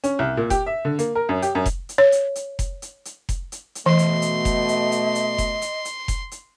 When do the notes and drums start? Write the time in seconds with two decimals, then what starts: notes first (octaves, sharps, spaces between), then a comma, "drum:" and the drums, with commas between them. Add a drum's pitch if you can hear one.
0.04 C#4, drum: hi-hat
0.19 C2
0.37 A#2
0.50 G4, drum: kick F1, hi-hat
0.66 E5
0.85 D3
0.99 A#3, drum: hi-hat
1.15 A#4
1.29 F#2
1.42 G4, drum: hi-hat
1.55 F#2
1.66 drum: kick F1, hi-hat
1.89 drum: hi-hat
1.98 C#5
2.12 drum: hi-hat
2.35 drum: hi-hat
2.59 drum: kick F1, hi-hat
2.82 drum: hi-hat
3.05 drum: hi-hat
3.29 drum: kick F1, hi-hat
3.52 drum: hi-hat
3.75 drum: hi-hat
3.86 B2 E3 A3 D#5 C6
3.99 drum: hi-hat
4.22 drum: hi-hat
4.45 drum: kick F1, hi-hat
4.68 drum: hi-hat
4.92 drum: hi-hat
5.15 drum: hi-hat
5.38 drum: kick F1, hi-hat
5.62 drum: hi-hat
5.85 drum: hi-hat
6.08 drum: kick F1, hi-hat
6.31 drum: hi-hat